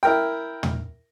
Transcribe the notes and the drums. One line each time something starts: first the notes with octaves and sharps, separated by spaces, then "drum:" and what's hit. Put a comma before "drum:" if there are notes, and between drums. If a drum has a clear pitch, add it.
E4 A#4 G5
drum: tom